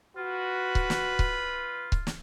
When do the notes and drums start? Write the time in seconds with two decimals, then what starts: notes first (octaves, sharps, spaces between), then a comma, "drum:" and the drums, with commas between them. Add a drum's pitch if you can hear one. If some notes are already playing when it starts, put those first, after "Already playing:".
0.17 F4 F#4 B4
0.75 drum: kick C#1
0.90 drum: snare
1.19 drum: kick C#1
1.92 drum: kick C#1
2.07 drum: snare